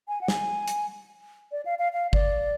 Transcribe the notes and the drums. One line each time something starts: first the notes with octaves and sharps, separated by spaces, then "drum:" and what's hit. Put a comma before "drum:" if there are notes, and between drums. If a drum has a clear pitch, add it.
G#5
F#5
G#5, drum: snare
drum: hi-hat
D5
F5
F5
F5
D5, drum: kick G1